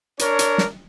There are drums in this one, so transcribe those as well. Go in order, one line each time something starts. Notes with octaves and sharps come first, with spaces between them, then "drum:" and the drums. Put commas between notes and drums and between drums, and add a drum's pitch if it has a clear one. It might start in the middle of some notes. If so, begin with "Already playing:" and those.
D4 A#4 C#5, drum: hi-hat
drum: hi-hat
drum: snare